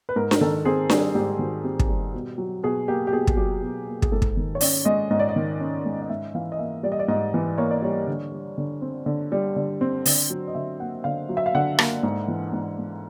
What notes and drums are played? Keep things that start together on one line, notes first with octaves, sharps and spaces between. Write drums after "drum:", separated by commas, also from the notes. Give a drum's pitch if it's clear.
B4
G#2 A#4
drum: snare D4
D#3 A4
C4 G#4
G3, drum: snare D4
G#2 G4
D#3 F#4
C4 G4
drum: kick
G3 G4
B2
F#3
B2 G#4
A#3 G4
G4
B2 G#4
drum: kick
F#3 G4
B2
A#3
G#4, drum: kick
G#2 A4
drum: kick
D#3
C#5
C#4 D5, drum: open hi-hat
G#3 D#5
G#2 D#5
D5
D#5
D#3
C#4
G#3
D#5
G#2 E5
E3 F5
D#5
A#3 E5
G3 D5
D#5
D5
G#2 D#5
E3
A#3 C#5
D5
G3 C#5
D3
G3
D3
C4
D3
G3
D3
C4
D3, drum: open hi-hat
F#3
D#5
D3 E5
A#3 F#5
D3 F5
F#3
E5
F5
D3 F#5
A#3, drum: rim click
G#2
E3
G#2
G#3